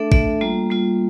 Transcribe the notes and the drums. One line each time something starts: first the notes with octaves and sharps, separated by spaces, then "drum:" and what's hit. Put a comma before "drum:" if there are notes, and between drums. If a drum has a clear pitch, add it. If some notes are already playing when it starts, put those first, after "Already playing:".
Already playing: A3 D4 A4 E5
A3 D4 A4 E5, drum: kick A1
G3 A#3 F4
G3 A#3 F4